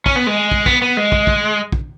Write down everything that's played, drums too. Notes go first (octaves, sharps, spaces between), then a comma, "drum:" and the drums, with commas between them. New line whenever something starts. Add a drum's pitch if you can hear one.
C#4, drum: kick
B3
G#3
drum: kick
B3, drum: kick
B3
G#3
drum: kick
drum: kick
drum: kick